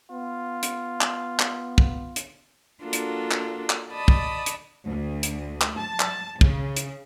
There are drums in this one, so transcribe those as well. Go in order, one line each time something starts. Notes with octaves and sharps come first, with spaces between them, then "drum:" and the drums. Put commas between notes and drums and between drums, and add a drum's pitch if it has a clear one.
B3 F4
drum: hi-hat
drum: clap
drum: clap
drum: kick
drum: hi-hat
A#3 D4 F4 F#4 A4 A#4
drum: hi-hat
drum: clap
drum: clap
D5 D#5 A5 B5 D#6
drum: kick
drum: hi-hat
D2
drum: hi-hat
drum: clap
A5
drum: clap
C#3, drum: kick
drum: hi-hat